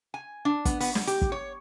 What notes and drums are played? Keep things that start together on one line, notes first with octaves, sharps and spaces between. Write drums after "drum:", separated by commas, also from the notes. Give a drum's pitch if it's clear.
G#5
D4
B3, drum: kick, hi-hat
B3, drum: open hi-hat
F#3, drum: snare
G4, drum: hi-hat
drum: kick
C#5